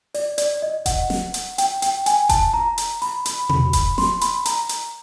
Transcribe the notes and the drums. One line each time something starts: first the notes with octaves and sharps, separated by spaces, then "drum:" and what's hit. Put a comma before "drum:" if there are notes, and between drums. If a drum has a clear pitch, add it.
D5, drum: open hi-hat
D5, drum: hi-hat
D#5
F#5, drum: kick F1, hi-hat
drum: snare
drum: hi-hat
G5, drum: hi-hat
G5, drum: hi-hat
G#5, drum: hi-hat
A5, drum: kick F1, hi-hat
A#5
drum: hi-hat
B5, drum: open hi-hat
B5, drum: hi-hat
B5, drum: tom B2
B5, drum: kick F1, hi-hat
C6, drum: snare
B5, drum: hi-hat
A#5, drum: hi-hat
drum: hi-hat